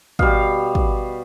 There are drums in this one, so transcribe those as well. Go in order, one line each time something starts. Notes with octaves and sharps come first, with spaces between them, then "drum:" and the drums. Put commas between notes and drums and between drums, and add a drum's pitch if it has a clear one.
B2 G3 F5, drum: kick
drum: kick